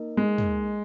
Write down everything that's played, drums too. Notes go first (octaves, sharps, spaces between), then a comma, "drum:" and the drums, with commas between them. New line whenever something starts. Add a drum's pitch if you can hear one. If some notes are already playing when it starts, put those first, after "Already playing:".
Already playing: A#3 D#4 A#4 D#5
G#3
drum: tom